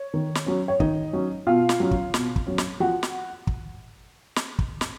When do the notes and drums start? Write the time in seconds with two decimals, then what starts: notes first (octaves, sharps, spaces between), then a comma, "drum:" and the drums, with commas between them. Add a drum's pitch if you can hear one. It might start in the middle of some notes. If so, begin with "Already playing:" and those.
Already playing: C#5
0.14 D#3
0.35 drum: snare
0.46 F#3 C#4
0.68 C#5
0.80 D#3 D#4 D#5, drum: kick
1.13 F#3 C#4
1.47 B2 F4 F5
1.69 drum: snare
1.80 F#3 C#4
1.91 drum: kick
2.14 B2, drum: snare
2.36 drum: kick
2.47 F#3 C#4
2.58 drum: snare
2.80 F3 F#4 F#5
3.03 drum: snare
3.47 drum: kick
4.36 drum: snare
4.59 drum: kick
4.81 drum: snare